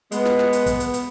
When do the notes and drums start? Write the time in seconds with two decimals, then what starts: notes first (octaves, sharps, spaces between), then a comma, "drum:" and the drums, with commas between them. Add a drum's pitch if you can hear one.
0.12 G#3 B3 B4, drum: hi-hat
0.25 drum: snare
0.39 drum: snare
0.53 drum: hi-hat
0.66 drum: kick, hi-hat
0.80 drum: hi-hat
0.94 drum: hi-hat